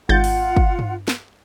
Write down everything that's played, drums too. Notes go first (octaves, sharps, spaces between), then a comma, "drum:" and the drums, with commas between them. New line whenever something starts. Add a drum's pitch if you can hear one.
G#1 F4 F#5 G6 A6
drum: open hi-hat
drum: kick
drum: tom G2
drum: snare